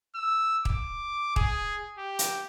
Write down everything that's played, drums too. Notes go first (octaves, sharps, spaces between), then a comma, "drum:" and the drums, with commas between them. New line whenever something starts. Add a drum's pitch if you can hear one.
E6
D6, drum: kick
G#4, drum: kick
G4
drum: hi-hat